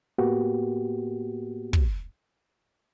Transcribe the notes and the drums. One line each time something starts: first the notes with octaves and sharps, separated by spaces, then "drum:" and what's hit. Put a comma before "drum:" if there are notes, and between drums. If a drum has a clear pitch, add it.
A2 A#3 B3 F#4 G4
drum: kick